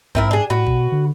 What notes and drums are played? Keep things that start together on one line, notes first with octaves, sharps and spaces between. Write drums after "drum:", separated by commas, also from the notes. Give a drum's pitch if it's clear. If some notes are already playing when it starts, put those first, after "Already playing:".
G#2 C4 E4 A#4, drum: kick A#1
D4 G#4
A2 F#4 B4
B2, drum: kick A#1
D3